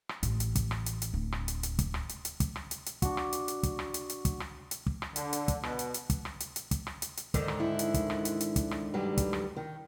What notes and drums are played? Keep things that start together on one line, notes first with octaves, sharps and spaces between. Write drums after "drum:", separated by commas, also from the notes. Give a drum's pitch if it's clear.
drum: rim click
A1, drum: hi-hat
drum: hi-hat
drum: kick, hi-hat
drum: rim click
drum: hi-hat
drum: hi-hat
D1
drum: rim click
drum: hi-hat
drum: hi-hat
drum: kick, hi-hat
drum: rim click
drum: hi-hat
drum: hi-hat
drum: kick, hi-hat
drum: rim click
drum: hi-hat
drum: hi-hat
D4 F#4, drum: kick, hi-hat
drum: rim click
drum: hi-hat
drum: hi-hat
drum: kick, hi-hat
drum: rim click
drum: hi-hat
drum: hi-hat
drum: kick, hi-hat
drum: rim click
drum: hi-hat
drum: kick
drum: rim click
D3, drum: hi-hat
drum: hi-hat
drum: kick, hi-hat
B2, drum: rim click
drum: hi-hat
drum: hi-hat
drum: kick, hi-hat
drum: rim click
drum: hi-hat
drum: hi-hat
drum: kick, hi-hat
drum: rim click
drum: hi-hat
drum: hi-hat
G#2 D3 D#3, drum: kick, hi-hat
drum: rim click
E4
drum: hi-hat
drum: kick, hi-hat
drum: rim click
drum: hi-hat
drum: hi-hat
drum: kick, hi-hat
drum: rim click
G2 F#3 G3
drum: kick, hi-hat
drum: rim click
D#3